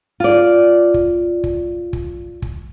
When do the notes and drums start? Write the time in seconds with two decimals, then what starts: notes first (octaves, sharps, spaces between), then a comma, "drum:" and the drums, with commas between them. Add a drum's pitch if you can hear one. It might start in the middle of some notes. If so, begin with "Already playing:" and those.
0.20 F4 D5
0.94 drum: kick
1.44 drum: kick
1.93 drum: kick
2.42 drum: kick